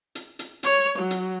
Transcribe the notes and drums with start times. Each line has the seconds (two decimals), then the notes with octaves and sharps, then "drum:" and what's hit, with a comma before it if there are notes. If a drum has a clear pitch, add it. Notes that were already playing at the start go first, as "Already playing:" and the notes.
0.15 drum: hi-hat
0.39 drum: hi-hat
0.63 C#5, drum: hi-hat
0.96 F#3
1.11 drum: hi-hat